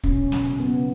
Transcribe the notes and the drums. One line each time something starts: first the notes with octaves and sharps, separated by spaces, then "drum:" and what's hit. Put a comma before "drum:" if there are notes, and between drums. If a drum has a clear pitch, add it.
B2 C#4, drum: kick
F#3, drum: snare
C#3 B3